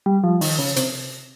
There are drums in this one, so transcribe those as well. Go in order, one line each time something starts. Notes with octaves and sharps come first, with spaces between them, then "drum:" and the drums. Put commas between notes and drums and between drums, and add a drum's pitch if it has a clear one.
G3
F3
D#3, drum: open hi-hat
C#3
C3, drum: hi-hat